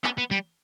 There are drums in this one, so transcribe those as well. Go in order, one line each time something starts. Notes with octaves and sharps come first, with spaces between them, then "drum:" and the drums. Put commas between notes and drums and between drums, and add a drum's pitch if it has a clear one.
B3, drum: clap
B3
G3